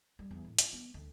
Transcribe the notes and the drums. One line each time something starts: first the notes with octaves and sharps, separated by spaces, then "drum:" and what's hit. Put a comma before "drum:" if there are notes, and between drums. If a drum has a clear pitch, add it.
G3
E2
A2
F4, drum: hi-hat
B3
D2